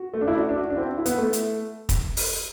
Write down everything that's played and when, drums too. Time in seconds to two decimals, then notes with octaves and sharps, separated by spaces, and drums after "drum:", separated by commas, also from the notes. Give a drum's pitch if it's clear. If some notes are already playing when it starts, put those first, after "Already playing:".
Already playing: F#4
0.14 A3
0.21 D4
0.28 E4
0.36 D4 F#4
0.49 D4
0.56 F#4
0.70 D4
0.77 C4 E4
0.98 E4
1.06 B3, drum: hi-hat
1.18 A3
1.33 drum: hi-hat
1.89 drum: kick, hi-hat
2.17 drum: open hi-hat